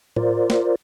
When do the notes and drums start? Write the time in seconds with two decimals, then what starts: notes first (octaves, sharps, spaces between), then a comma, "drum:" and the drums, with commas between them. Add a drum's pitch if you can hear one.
0.16 F4 A#4 C5 D5, drum: tom A2
0.50 drum: snare